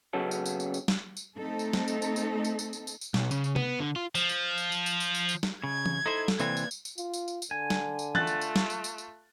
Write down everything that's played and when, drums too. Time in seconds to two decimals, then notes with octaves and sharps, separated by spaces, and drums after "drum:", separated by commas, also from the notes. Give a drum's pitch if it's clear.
0.13 C#3 F#3 B3 C#4 A4
0.31 drum: tambourine
0.46 drum: tambourine
0.60 drum: tambourine
0.74 drum: tambourine
0.88 drum: snare
1.17 drum: tambourine
1.38 A3 C4 D#4 A4
1.59 drum: tambourine
1.73 drum: snare
1.88 drum: tambourine
2.02 drum: tambourine
2.16 drum: tambourine
2.45 drum: tambourine
2.59 drum: tambourine
2.73 drum: tambourine
2.87 drum: tambourine
3.01 drum: tambourine
3.14 B1, drum: snare
3.31 C#3, drum: tambourine
3.44 drum: tambourine
3.56 B3, drum: tom C3
3.80 D3
3.96 F4
4.15 F3, drum: tambourine
4.29 drum: tambourine
4.58 drum: tambourine
4.72 drum: tambourine
4.86 drum: tambourine
5.00 drum: tambourine
5.15 drum: tambourine
5.29 drum: tambourine
5.43 drum: snare
5.64 C#3 G#6
5.86 drum: tom E3
6.06 D#4 E4 A4 C5
6.28 drum: snare
6.39 C3 E3 A#3 C4 B4 D5 G#6, drum: tambourine
6.57 drum: tambourine
6.71 drum: tambourine
6.85 drum: tambourine
6.98 F4, drum: tambourine
7.14 drum: tambourine
7.28 drum: tambourine
7.42 drum: tambourine
7.51 D3 G#5
7.70 drum: snare
7.99 drum: tambourine
8.15 A3 F4 F#6 A6, drum: tom E3
8.27 drum: tambourine
8.41 drum: tambourine
8.56 drum: snare
8.70 drum: tambourine
8.84 drum: tambourine
8.98 drum: tambourine